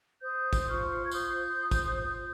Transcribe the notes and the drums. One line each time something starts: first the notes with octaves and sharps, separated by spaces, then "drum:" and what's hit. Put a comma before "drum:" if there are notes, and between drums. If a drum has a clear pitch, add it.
C5 D#6 G6
drum: kick, tambourine
F4 C#6 F6
G#6
C5 D#6 G6, drum: tambourine
F4
drum: kick, tambourine
C5 D#6 G6